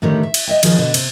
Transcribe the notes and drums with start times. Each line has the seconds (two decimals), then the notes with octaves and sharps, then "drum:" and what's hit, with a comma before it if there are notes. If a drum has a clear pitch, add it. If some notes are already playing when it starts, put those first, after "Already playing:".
0.02 A2 D3 D#3 G3 A3
0.23 E5
0.34 drum: cymbal
0.47 D#5 E5 G5
0.63 D#3 F3 F#3 G#4, drum: cymbal
0.78 B2 D3
0.94 C3, drum: cymbal